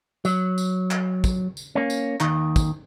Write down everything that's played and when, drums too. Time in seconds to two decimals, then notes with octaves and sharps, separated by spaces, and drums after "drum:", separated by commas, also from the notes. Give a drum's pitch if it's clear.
0.25 F#3, drum: tambourine
0.58 drum: tambourine
0.91 drum: clap
1.24 drum: kick, tambourine
1.57 drum: tambourine
1.75 A#3 C#4
1.90 drum: tambourine
2.20 D#2 D#3, drum: clap
2.56 drum: kick, tambourine